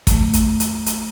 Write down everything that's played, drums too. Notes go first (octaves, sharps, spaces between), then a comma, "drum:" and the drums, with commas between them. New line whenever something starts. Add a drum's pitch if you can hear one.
F2 A3, drum: kick, hi-hat
drum: hi-hat
drum: hi-hat
drum: hi-hat